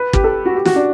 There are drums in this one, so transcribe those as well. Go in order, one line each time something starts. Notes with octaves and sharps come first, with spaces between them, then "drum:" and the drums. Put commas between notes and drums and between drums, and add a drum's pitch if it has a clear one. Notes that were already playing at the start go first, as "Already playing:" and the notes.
Already playing: B4
G4, drum: kick
A4
F#4
G4
F#4, drum: snare
D4